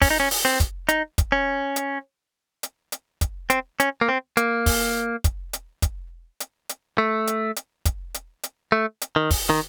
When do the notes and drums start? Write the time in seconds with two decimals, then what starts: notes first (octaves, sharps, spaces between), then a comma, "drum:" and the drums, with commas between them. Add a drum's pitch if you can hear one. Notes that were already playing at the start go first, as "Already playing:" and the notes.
0.02 C#4, drum: kick, open hi-hat
0.10 D#4
0.20 C#4
0.31 drum: open hi-hat
0.45 C4
0.60 drum: kick, hi-hat
0.89 D#4, drum: hi-hat
1.18 drum: kick, hi-hat
1.32 C#4
1.76 drum: hi-hat
2.63 drum: hi-hat
2.92 drum: hi-hat
3.21 drum: kick, hi-hat
3.50 C4, drum: hi-hat
3.80 C#4, drum: hi-hat
4.01 A#3
4.09 C4
4.37 A#3, drum: hi-hat
4.66 drum: kick, open hi-hat
5.24 drum: kick, hi-hat
5.53 drum: hi-hat
5.82 drum: kick, hi-hat
6.40 drum: hi-hat
6.69 drum: hi-hat
6.98 A3
7.27 drum: hi-hat
7.56 drum: hi-hat
7.85 drum: kick, hi-hat
8.14 drum: hi-hat
8.43 drum: hi-hat
8.72 A3
9.01 drum: hi-hat
9.16 D#3
9.30 drum: kick, open hi-hat
9.50 D#3